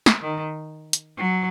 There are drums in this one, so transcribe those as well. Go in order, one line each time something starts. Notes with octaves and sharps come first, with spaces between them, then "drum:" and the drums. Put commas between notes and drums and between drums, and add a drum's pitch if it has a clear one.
drum: snare
D#3
drum: hi-hat
F#3